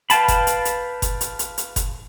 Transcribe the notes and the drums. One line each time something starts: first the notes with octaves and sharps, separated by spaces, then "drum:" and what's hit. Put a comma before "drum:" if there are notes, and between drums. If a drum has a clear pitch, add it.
B4 F5 G5 A5 B5, drum: hi-hat
drum: kick F#1, hi-hat
drum: hi-hat
drum: hi-hat
drum: kick F#1, hi-hat
drum: hi-hat
drum: hi-hat
drum: hi-hat
drum: kick F#1, hi-hat